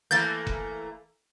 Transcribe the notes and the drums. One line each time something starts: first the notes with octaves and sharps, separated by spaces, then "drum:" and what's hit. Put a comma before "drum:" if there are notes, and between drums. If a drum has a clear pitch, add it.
E3 A3 A#3 G6 A6
drum: kick F1